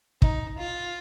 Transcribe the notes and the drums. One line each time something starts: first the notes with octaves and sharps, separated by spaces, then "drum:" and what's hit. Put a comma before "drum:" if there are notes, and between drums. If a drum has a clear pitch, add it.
D#4, drum: kick
F4